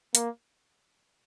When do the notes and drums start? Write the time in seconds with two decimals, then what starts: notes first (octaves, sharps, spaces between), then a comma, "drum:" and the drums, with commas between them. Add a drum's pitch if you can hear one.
0.15 A#3, drum: hi-hat